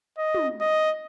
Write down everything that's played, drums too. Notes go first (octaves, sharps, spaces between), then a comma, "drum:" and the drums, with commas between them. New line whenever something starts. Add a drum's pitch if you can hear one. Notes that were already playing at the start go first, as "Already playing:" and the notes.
D#5
drum: tom
D#5